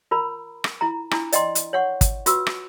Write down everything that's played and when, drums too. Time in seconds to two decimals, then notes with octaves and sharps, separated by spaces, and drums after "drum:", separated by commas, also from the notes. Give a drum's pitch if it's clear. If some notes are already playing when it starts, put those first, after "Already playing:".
0.11 F4 A#4 A#5 B5
0.64 drum: rim click
0.81 E4 F4 A#5
1.11 D4 E4 F4, drum: rim click
1.32 D5 D#5 G5 A#5 C6, drum: hi-hat
1.55 drum: hi-hat
1.73 C#5 F#5 C#6
2.01 drum: kick, hi-hat
2.26 F4 F#4 B4 E6, drum: hi-hat
2.47 drum: rim click